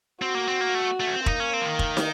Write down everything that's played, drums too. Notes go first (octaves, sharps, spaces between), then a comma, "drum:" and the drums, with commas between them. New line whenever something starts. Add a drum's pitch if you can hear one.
C4 F#4
A#3
C4
A#3
A3
A3
C#4
C4
A#3 D#4, drum: kick
C#4
C4
F3
D#3
drum: kick
drum: snare